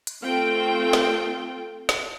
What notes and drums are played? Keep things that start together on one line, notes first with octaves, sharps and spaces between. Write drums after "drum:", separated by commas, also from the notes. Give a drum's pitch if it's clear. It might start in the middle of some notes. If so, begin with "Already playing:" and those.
drum: hi-hat
A3 C4 F4 G5
drum: snare
drum: snare